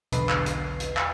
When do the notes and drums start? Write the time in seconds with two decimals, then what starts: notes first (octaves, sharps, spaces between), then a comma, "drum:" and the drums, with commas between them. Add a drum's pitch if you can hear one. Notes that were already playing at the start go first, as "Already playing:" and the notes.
0.12 B1 E2 D3 B4 D#5 C7, drum: hi-hat
0.29 drum: clap
0.46 drum: hi-hat
0.80 drum: hi-hat
0.97 drum: clap